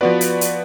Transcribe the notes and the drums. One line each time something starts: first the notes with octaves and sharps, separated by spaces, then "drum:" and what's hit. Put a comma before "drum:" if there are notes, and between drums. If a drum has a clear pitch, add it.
F3 B3 F#4 B4 D5
drum: hi-hat
drum: hi-hat